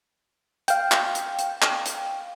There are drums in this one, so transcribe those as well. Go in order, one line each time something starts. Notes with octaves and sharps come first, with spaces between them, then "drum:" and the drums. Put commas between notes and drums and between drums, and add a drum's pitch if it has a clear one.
F5 G5, drum: hi-hat
drum: clap
drum: hi-hat
drum: hi-hat
drum: clap
drum: hi-hat